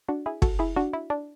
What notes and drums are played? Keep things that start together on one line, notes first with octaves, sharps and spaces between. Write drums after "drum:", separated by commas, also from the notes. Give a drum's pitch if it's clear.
D4 F#4
E4 G#4
F#4 A4, drum: kick
E4 G#4
D4 F#4
E4
D4